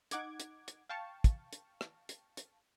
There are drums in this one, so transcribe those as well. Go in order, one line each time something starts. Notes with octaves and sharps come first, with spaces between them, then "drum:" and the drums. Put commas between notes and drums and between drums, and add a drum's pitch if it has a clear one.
D#4 F#5 D6 G#6, drum: hi-hat
drum: hi-hat
drum: hi-hat
F5 G5 A5 C#6
drum: kick, hi-hat
drum: hi-hat
drum: rim click
drum: hi-hat
drum: hi-hat